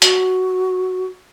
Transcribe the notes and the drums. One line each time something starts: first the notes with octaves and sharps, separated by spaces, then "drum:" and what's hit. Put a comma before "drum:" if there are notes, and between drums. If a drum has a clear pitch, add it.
F#4, drum: hi-hat